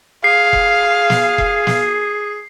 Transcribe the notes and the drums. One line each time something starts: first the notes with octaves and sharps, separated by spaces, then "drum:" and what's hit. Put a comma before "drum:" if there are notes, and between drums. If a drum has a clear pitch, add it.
G#4 F5 C7
drum: kick F1
drum: snare
drum: kick F1
drum: snare